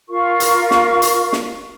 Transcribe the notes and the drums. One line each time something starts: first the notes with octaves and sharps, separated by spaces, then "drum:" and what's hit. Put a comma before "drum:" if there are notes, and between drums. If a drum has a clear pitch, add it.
F4 A#4 F5 C#6
drum: hi-hat
drum: snare
drum: hi-hat
drum: snare